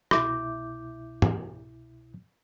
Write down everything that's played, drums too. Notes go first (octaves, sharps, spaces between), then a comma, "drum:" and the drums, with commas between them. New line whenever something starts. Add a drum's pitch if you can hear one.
C2 B2 E4 E5 D6 G6, drum: rim click
drum: tom